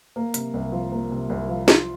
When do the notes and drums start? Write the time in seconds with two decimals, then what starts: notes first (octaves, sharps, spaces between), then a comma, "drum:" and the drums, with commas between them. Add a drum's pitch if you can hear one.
0.16 A#3
0.34 C3, drum: hi-hat
0.54 C2
0.72 F3
0.92 A#3
1.11 C3
1.29 C2
1.49 F3
1.68 F4, drum: snare